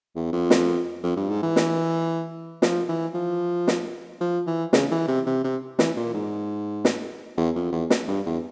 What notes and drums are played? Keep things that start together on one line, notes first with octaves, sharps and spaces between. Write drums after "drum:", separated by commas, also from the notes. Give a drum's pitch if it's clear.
E2
F2
drum: snare
F2
G2
G#2
E3
drum: snare
F3, drum: snare
E3
F3
drum: snare
F3
E3
C#3, drum: snare
E3
C3
C3
C3
E3, drum: snare
A#2
G#2
drum: snare
E2
F2
E2
drum: snare
G2
E2